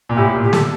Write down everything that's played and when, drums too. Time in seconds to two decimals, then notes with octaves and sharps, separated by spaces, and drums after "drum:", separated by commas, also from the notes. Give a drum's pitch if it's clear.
0.09 A#2
0.16 A2 G4
0.35 A#2
0.44 G4
0.53 A4, drum: snare